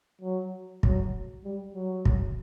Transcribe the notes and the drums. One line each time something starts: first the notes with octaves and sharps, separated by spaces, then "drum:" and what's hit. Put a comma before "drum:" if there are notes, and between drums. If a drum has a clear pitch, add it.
F#3
F#3, drum: kick
G3
F#3
drum: kick